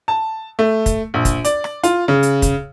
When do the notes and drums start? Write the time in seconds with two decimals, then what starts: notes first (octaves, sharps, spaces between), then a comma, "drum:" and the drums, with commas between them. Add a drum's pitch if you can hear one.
0.08 A5
0.59 A3
0.86 drum: kick, hi-hat
1.14 A#1
1.25 drum: kick, hi-hat
1.45 D5, drum: hi-hat
1.64 drum: rim click
1.84 F4, drum: hi-hat
2.08 C#3
2.23 drum: hi-hat
2.42 drum: kick, hi-hat